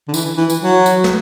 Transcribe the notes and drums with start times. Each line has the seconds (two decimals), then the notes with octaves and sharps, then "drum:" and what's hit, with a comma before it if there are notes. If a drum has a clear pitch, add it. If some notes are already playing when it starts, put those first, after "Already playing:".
0.08 D3
0.14 E3, drum: tambourine
0.37 E3
0.50 drum: tambourine
0.62 F#3
0.86 drum: tambourine
1.04 drum: snare